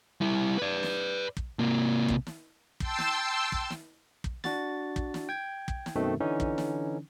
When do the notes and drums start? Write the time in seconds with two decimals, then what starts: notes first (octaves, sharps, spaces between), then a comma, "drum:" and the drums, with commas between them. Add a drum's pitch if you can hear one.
0.21 G3 E4
0.58 B4 D5
0.83 drum: snare
1.37 drum: kick
1.59 C3 A#3
2.09 drum: kick
2.27 drum: snare
2.80 G5 A5 C6 E6, drum: kick
2.98 drum: snare
3.52 drum: kick
3.70 drum: snare
4.24 drum: kick
4.44 D4 F#4 A6, drum: snare
4.96 drum: kick
5.14 drum: snare
5.29 G5 G#6
5.68 drum: kick
5.86 drum: snare
5.96 F#2 B2 D#3 A3 C4
6.20 D3 E3 C#4 D#4
6.40 drum: kick
6.58 drum: snare